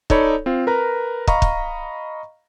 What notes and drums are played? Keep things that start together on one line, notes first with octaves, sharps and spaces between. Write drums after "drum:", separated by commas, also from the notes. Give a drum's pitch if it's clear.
D#4 A4 C#5 D5 B5, drum: kick
C4 F4
A#4 B4 A#5
D#5 F5 A#5 B5 C#6, drum: kick
drum: kick